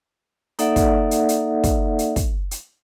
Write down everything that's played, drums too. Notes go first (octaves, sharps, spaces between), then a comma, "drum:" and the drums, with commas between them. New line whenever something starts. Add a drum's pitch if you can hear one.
A#3 D#4 A4 D5 E5 F#5, drum: hi-hat
drum: kick, hi-hat
drum: hi-hat
drum: hi-hat
drum: kick, hi-hat
drum: hi-hat
drum: kick, hi-hat
drum: hi-hat